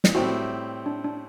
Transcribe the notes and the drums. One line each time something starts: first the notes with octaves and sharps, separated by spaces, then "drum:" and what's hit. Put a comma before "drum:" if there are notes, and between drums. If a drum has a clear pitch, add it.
drum: snare
A2 G3 C4 E4 F#4
D4
D4